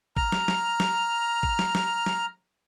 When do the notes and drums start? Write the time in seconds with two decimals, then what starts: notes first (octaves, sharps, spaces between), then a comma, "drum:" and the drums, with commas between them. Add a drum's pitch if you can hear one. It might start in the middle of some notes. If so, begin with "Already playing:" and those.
0.17 A#5 F6, drum: kick A1
0.32 drum: snare
0.48 drum: snare
0.80 drum: snare
1.43 drum: kick A1
1.59 drum: snare
1.75 drum: snare
2.06 drum: snare